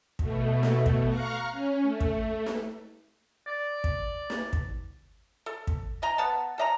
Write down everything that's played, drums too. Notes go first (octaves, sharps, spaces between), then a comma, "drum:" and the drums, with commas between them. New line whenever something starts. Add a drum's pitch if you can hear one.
B2 A3, drum: kick
drum: snare
drum: kick
F5 A#5 C#6 F6 F#6
C#4
A3
drum: kick
drum: snare
D5
drum: kick
drum: snare
drum: kick
A4
drum: kick
D#4 D#5 A#5
B3 F#5 A5
A4 D#5 A#5